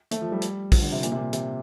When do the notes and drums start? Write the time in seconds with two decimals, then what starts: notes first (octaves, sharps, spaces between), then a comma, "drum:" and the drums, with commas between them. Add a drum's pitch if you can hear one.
0.11 A3, drum: hi-hat
0.21 F3
0.32 G3
0.42 drum: hi-hat
0.72 F3, drum: kick, open hi-hat
0.82 D3
0.92 C3
1.03 A#2, drum: hi-hat
1.12 C3
1.17 A#2
1.33 C3, drum: hi-hat